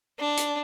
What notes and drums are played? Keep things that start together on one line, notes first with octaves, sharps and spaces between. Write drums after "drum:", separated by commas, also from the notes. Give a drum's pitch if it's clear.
D4
drum: hi-hat